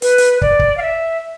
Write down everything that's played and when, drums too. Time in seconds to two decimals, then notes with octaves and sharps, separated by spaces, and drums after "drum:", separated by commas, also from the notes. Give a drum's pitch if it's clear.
0.02 B4, drum: hi-hat
0.18 drum: hi-hat
0.42 D5, drum: kick
0.59 drum: kick
0.77 F5
0.82 E5